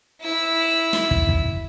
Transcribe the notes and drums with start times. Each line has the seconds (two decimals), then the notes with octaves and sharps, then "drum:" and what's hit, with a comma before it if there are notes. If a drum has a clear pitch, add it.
0.22 E4 E6
0.93 drum: snare
1.11 drum: kick
1.29 drum: kick